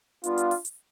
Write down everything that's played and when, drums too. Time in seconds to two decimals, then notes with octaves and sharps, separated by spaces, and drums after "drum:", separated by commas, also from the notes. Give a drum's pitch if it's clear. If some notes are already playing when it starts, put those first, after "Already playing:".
0.24 G3 B3 D4 F4, drum: hi-hat
0.38 drum: hi-hat
0.51 drum: open hi-hat
0.65 drum: hi-hat